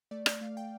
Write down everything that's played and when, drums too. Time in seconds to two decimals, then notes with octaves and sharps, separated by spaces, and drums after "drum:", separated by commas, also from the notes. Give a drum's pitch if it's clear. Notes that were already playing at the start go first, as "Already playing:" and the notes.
0.11 A3 D5
0.26 D5, drum: rim click
0.41 A3 F5
0.57 G5